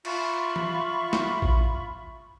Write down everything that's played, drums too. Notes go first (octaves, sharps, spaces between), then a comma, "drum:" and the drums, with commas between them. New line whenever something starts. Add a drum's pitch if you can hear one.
F4 E5 B5 C#6, drum: cymbal
drum: tom E3
drum: snare
drum: kick A1